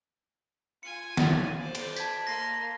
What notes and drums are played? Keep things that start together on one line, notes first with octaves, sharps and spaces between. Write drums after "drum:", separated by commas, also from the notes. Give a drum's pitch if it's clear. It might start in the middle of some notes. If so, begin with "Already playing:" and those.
F4 G#5 C#7
A6, drum: snare
C5 D5
drum: cymbal
A5 G#6 B6, drum: tambourine
A#3 C6 A#6 C7 D#7